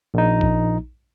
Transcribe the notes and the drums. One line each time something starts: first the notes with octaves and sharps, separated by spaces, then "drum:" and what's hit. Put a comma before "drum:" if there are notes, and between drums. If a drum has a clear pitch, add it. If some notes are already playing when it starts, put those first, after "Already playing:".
A#1 D#4
drum: kick A1